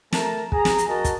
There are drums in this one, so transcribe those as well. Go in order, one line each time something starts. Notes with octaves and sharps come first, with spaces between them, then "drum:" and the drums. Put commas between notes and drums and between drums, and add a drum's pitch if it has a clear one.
A3 A#4 A5 A#5, drum: snare
G#4 A#5, drum: kick
drum: snare
drum: hi-hat
F#4 A#4 D#5 A5
drum: kick, hi-hat